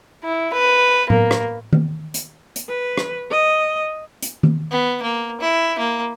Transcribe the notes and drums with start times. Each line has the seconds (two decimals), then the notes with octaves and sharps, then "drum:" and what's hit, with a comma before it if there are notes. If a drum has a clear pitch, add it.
0.24 E4
0.53 B4
1.10 A#3, drum: tom A2
1.31 drum: rim click
1.73 drum: tom D#3
2.14 drum: hi-hat
2.56 drum: hi-hat
2.68 B4
2.98 drum: rim click
3.30 D#5
4.23 drum: hi-hat
4.43 drum: tom D#3
4.71 B3
5.02 A#3
5.41 E4
5.78 A#3